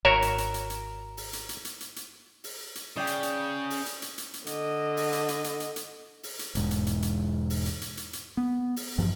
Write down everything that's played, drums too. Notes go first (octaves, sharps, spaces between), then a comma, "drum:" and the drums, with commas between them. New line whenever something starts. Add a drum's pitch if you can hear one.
G#1 F#4 A#4 C#5 E5 A#5
drum: hi-hat
drum: hi-hat
drum: hi-hat
drum: hi-hat
drum: open hi-hat
drum: hi-hat
drum: hi-hat
drum: hi-hat
drum: hi-hat
drum: hi-hat
drum: open hi-hat
drum: hi-hat
C#3 D5 G5 D#6 G6
drum: hi-hat
drum: hi-hat
drum: open hi-hat
drum: hi-hat
drum: hi-hat
drum: hi-hat
drum: hi-hat
D3 D#5, drum: hi-hat
drum: open hi-hat
drum: hi-hat
drum: hi-hat
drum: hi-hat
drum: hi-hat
drum: hi-hat
drum: open hi-hat
drum: hi-hat
E1 G#2, drum: hi-hat
drum: hi-hat
drum: hi-hat
drum: hi-hat
drum: open hi-hat
drum: hi-hat
drum: hi-hat
drum: hi-hat
drum: hi-hat
B3
drum: open hi-hat
A1 G2 F3